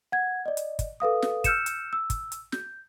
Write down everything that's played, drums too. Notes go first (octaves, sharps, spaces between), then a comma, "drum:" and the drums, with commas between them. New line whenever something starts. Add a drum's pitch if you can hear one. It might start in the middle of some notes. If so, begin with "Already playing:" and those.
F#5 G#6
D5 D#5
drum: hi-hat
drum: kick, hi-hat
A4 B4 F5 D#6
drum: snare
E6 F6 G6 C#7 E7, drum: kick, hi-hat
drum: hi-hat
E6
drum: kick, hi-hat
drum: hi-hat
G6, drum: snare